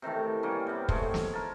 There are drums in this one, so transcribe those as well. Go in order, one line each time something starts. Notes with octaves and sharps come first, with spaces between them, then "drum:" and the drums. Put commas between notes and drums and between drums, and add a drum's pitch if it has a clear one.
C3 D#3 E3 A3
G3 A#3 C#4
C3 B3
G#3 A3 C#5, drum: kick
drum: snare
A#4 A5